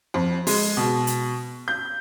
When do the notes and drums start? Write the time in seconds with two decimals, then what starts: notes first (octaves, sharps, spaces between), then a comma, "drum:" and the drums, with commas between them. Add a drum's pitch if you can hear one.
0.14 F2
0.47 G#3, drum: open hi-hat
0.77 B2
1.07 drum: hi-hat
1.68 G6